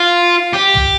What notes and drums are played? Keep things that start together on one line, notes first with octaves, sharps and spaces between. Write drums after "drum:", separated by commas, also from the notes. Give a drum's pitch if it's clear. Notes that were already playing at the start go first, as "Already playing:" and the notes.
Already playing: F4
G4
drum: tom